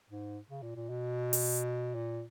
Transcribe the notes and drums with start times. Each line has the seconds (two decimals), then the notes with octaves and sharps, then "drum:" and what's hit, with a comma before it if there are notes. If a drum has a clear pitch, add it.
0.10 G#2
0.50 C#3
0.63 A#2
0.76 A#2
0.89 B2
1.33 drum: open hi-hat
1.95 A#2